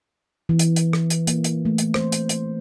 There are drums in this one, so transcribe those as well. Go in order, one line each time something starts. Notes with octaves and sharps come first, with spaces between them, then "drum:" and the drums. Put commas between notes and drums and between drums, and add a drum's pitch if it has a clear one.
E3
drum: hi-hat
drum: hi-hat
drum: rim click
drum: hi-hat
A#3, drum: hi-hat
drum: hi-hat
A3
drum: hi-hat
C5, drum: rim click
drum: hi-hat
drum: hi-hat